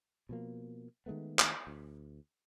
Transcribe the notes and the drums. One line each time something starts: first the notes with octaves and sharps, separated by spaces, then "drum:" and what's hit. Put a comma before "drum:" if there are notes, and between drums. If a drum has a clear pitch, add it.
B2 F3 A#3
D#3 G#3 A3 B3
drum: clap
D2